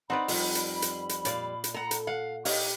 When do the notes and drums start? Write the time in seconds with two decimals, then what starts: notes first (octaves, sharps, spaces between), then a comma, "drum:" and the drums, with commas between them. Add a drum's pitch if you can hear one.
0.10 C4 D#4 B4 D5 F#5 B5
0.28 F2 G3, drum: open hi-hat
0.55 drum: hi-hat
0.82 drum: hi-hat
1.09 drum: hi-hat
1.25 A#2 D5 F5, drum: hi-hat
1.64 drum: hi-hat
1.74 A4 F#5 A#5
1.91 drum: hi-hat
2.07 F5 F#5
2.45 D#4 G4 C#5 D#5 F5, drum: open hi-hat